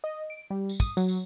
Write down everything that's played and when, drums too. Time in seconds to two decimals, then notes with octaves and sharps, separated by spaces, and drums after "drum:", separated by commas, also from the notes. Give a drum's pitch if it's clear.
0.04 D#5
0.30 D7
0.50 G3
0.69 drum: tambourine
0.80 D#6, drum: kick, tambourine
0.97 F#3, drum: tambourine
1.09 drum: tambourine